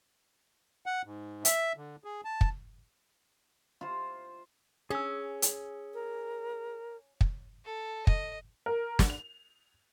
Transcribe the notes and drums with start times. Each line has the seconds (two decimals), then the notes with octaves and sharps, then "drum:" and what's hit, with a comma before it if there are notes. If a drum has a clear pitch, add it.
0.86 F#5
1.05 G#2
1.45 E5, drum: hi-hat
1.77 D3
2.04 G#4
2.25 A5
2.41 drum: kick
3.81 F4 C5
4.90 C#4 G#4 E6
5.42 drum: hi-hat
5.94 A#4
7.21 drum: kick
7.65 A4
8.07 D#5, drum: kick
8.66 A#4
8.99 drum: snare
9.10 F7